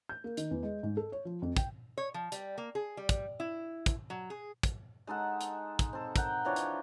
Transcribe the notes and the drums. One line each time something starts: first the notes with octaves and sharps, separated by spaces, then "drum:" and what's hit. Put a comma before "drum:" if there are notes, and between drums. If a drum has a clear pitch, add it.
G6
A#3
D#3, drum: hi-hat
E2
G#3
G#2
A4
C#5
F3
F2
G5, drum: kick, hi-hat
C#5
F3
G3, drum: hi-hat
A#3
G#4
G3
drum: kick, hi-hat
E4
drum: kick, hi-hat
F#3
G#4
drum: kick, hi-hat
G#3 D#4 A4 F#5
drum: hi-hat
drum: kick, hi-hat
C4 A4
A#4 F#5 G5, drum: kick, hi-hat
E3 F3 D4 C#5
drum: hi-hat